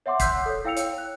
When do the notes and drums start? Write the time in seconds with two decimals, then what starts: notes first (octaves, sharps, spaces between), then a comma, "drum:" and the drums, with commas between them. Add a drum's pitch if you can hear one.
0.06 C#5 E5 F#5 C6 D6
0.20 C6 E6 F#6 G6 B6 C7, drum: kick, hi-hat
0.46 A4 C#5
0.65 E4 F5 G5 E6 C#7 F7
0.77 C#5, drum: hi-hat
0.98 F#6